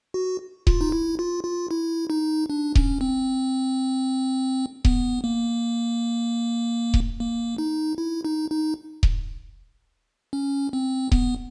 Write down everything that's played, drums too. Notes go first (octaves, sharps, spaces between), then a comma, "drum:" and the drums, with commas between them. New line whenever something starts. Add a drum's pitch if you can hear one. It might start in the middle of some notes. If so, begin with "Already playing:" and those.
F#4
F4, drum: kick D#1
D#4
E4
F4
F4
E4
D#4
D4
C#4, drum: kick D#1
C4
B3, drum: kick D#1
A#3
drum: kick D#1
A#3
D#4
E4
D#4
D#4
drum: kick D#1
C#4
C4
B3, drum: kick D#1